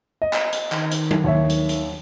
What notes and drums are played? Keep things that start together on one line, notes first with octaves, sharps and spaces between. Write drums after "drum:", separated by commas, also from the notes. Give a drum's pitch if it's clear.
D#5
drum: clap
drum: hi-hat
D#3, drum: clap
drum: hi-hat
drum: tom F#3
D#2 C#5 E5
drum: hi-hat
drum: hi-hat